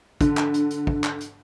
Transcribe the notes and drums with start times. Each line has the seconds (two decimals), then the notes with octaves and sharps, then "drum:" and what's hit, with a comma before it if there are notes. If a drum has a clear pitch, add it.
0.21 D3, drum: kick, hi-hat
0.37 drum: clap
0.54 drum: hi-hat
0.70 drum: hi-hat
0.87 drum: kick
1.04 drum: clap
1.20 drum: hi-hat